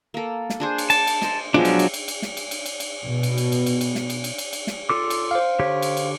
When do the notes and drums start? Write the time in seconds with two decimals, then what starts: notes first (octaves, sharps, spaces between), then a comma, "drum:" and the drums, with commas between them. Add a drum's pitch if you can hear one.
0.14 A#3 A4
0.50 drum: snare
0.60 D4 G#4 C5
0.78 drum: cymbal
0.90 A5, drum: cymbal
1.07 drum: cymbal
1.22 C5 D#5, drum: snare
1.54 B2 F3 F#3 G#3 D4
1.65 drum: cymbal
1.79 drum: cymbal
1.94 drum: cymbal
2.08 drum: cymbal
2.22 drum: snare
2.37 drum: cymbal
2.51 drum: cymbal
2.66 drum: cymbal
2.80 drum: cymbal
3.03 B2
3.23 drum: cymbal
3.38 drum: cymbal
3.52 drum: cymbal
3.66 drum: cymbal
3.81 drum: cymbal
3.95 drum: snare
4.10 drum: cymbal
4.24 drum: cymbal
4.38 drum: cymbal
4.53 drum: cymbal
4.67 drum: snare
4.90 F4 A4 D6
5.10 drum: cymbal
5.31 C5 F5
5.59 D3 G4 C#5
5.82 drum: cymbal
5.97 drum: cymbal